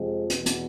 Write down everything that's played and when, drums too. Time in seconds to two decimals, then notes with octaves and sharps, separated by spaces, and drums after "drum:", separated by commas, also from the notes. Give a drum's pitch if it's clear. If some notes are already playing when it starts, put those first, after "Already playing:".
Already playing: F2 C3 F3 G#3 C4
0.30 E2 B2 B3, drum: hi-hat
0.46 drum: hi-hat